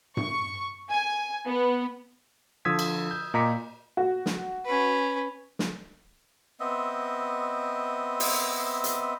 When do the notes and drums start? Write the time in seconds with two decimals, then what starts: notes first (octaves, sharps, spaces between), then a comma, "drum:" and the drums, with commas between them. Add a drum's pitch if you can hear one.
0.17 C#6, drum: tom G2
0.91 G#5
1.46 B3
2.65 D3 F3 D#6 E6 G#6 B6
2.79 drum: cymbal
3.11 G6
3.34 A#2 D#5 A#5 D6 B6 C#7
3.97 F#4
4.26 drum: snare
4.65 C#4 B4
5.59 drum: snare
6.60 B3 C4 D#5 E5
8.20 drum: open hi-hat
8.84 drum: hi-hat